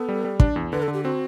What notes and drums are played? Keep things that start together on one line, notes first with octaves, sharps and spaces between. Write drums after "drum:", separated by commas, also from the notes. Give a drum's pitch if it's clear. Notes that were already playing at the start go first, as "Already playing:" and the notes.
Already playing: B3 A4
G3
G3
D4, drum: kick
E2
D3 B4
A4
D3
G4
C4 F#4